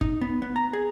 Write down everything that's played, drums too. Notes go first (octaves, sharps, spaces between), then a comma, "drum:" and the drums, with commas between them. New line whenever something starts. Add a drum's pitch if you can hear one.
D#4, drum: kick G1
B3
B3
A#5
G#4